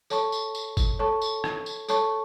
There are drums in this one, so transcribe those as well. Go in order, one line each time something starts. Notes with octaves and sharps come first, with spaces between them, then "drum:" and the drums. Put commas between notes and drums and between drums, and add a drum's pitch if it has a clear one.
A4 C#5 A5 C#6, drum: tambourine
drum: tambourine
drum: tambourine
drum: kick G#1, tambourine
A4 C#5 A5 C#6
drum: tambourine
drum: rim click
drum: tambourine
A4 C#5 A5 C#6, drum: tambourine